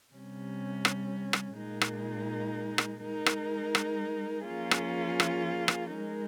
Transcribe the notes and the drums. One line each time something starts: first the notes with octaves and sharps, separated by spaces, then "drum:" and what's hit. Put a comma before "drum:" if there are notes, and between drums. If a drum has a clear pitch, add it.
C3 G3 C#4
drum: rim click
drum: rim click
A#2 G#3 D#4 A#4
drum: rim click
drum: rim click
G#3 D#4 A#4
drum: rim click
drum: rim click
F3 A#3 C#4 F4 G#4
drum: rim click
drum: rim click
drum: rim click
G#3 D#4 A#4